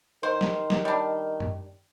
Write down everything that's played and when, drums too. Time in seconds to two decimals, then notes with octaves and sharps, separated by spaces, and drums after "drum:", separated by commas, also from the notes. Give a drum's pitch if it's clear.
0.23 D#3 C5
0.41 drum: snare
0.70 drum: snare
0.85 G3 D4
1.40 drum: tom F#2